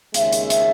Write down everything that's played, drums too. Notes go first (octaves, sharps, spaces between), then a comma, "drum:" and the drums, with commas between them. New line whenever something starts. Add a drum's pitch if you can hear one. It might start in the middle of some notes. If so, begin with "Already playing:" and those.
D#2 C#3 G#3 E5, drum: hi-hat
drum: hi-hat
drum: hi-hat